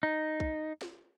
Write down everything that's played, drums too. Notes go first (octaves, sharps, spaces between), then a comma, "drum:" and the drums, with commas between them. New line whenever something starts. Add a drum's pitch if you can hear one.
D#4
drum: kick
drum: snare